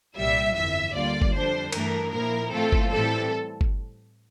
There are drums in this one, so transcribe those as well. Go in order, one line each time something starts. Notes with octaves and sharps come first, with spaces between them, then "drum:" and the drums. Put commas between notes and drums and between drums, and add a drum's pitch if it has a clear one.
C2 A#2 G3 E5
G1 F2 E3 E5
D2 D3 G3 A#3 F4 D5
drum: kick G1
F2 D3 G3 D4 C5
G2 E3 A3 D4 A#4, drum: cymbal
A#2 F3 A#3 E4 A#4
A2 E3 A3 C4 F4 A4
drum: kick G1
A2 E3 G3 C4 A4
drum: kick G1